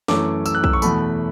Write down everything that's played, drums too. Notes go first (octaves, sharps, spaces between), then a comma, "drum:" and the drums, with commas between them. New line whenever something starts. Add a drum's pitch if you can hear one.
F#2 E3 A3 C#4 D6, drum: snare
E6, drum: tambourine
F#6
E6, drum: kick
C#6
E2 B2 A3 B5, drum: tambourine